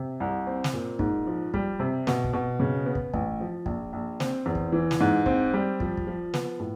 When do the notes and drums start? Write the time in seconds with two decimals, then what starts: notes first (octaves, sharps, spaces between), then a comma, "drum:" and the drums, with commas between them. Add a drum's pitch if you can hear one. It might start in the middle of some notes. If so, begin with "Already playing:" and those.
Already playing: C3
0.20 C2
0.47 C4
0.64 drum: snare
0.73 A#2
0.99 G#2, drum: kick
1.27 F3
1.54 G3, drum: kick
1.80 C3
2.07 B2, drum: snare
2.24 drum: kick
2.33 B2
2.60 C#3
2.86 B3
2.95 drum: kick
3.14 A1, drum: kick
3.40 F3
3.66 A#1, drum: kick
3.93 A#1
4.20 C4, drum: snare
4.46 E2
4.55 drum: kick
4.72 E3
4.91 drum: snare
5.00 G#2
5.26 C4, drum: kick
5.54 G3
5.80 F3, drum: kick
5.97 drum: kick
6.07 F3
6.34 B3, drum: snare
6.60 A2